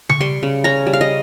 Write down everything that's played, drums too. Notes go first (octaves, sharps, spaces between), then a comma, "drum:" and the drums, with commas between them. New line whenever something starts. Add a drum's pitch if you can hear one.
C#6, drum: tom C#3
G3 C6
C#3
C#4 A#5
G3
F5
D#5